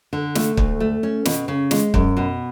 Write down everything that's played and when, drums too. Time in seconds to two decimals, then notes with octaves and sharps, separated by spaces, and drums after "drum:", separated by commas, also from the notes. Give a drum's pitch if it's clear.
0.13 D3
0.35 A3, drum: snare
0.57 D2, drum: kick
0.80 A3
1.03 C#4
1.25 B2, drum: snare
1.48 C#3
1.71 G#3, drum: snare
1.94 F#2, drum: kick
2.17 B2